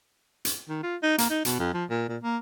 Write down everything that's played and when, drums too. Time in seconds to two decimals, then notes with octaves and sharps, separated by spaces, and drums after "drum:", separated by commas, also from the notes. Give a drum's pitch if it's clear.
0.45 drum: hi-hat
0.69 D#3
0.83 F4
1.02 D#4
1.18 A#3, drum: hi-hat
1.30 D#4
1.45 B2, drum: hi-hat
1.59 F2
1.74 F3
1.90 A#2
2.08 A#2
2.23 A#3